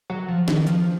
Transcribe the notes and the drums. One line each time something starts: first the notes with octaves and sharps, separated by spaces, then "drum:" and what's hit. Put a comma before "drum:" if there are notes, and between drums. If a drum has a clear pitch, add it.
F#3
F3
D#3, drum: snare
F3, drum: hi-hat